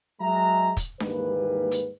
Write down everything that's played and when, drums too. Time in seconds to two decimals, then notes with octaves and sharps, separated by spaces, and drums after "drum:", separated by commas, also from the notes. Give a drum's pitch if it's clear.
0.21 F#3 G#3 E5 A#5
0.77 drum: kick, hi-hat
1.00 D#2 G#2 E3 G3 A#3 B4, drum: snare D4
1.71 drum: hi-hat